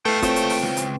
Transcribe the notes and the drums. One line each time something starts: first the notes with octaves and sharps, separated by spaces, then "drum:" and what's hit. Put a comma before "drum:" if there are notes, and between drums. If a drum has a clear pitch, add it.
A3 E4 B4 F5 G5
C#2 C4 F4 C5 C#5 G5, drum: kick, hi-hat
drum: hi-hat
drum: open hi-hat
drum: snare
drum: hi-hat